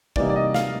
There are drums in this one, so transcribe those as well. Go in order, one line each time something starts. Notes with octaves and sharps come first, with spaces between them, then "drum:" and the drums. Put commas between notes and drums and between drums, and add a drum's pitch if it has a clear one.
C3 E3 G3 A#3 D#4 D5, drum: kick
D5
D#5
F5, drum: snare